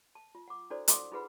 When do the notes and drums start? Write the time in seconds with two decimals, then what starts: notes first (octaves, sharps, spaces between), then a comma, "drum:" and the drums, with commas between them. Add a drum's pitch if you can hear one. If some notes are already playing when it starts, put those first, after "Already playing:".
0.15 A5
0.35 F4
0.48 F#5 D6
0.70 D4 E4 F#4 A4 C5 D5
0.88 A4 F#5 C6 D6 D#6, drum: hi-hat
1.12 D#4 F4 G#4 B4 F#5 B5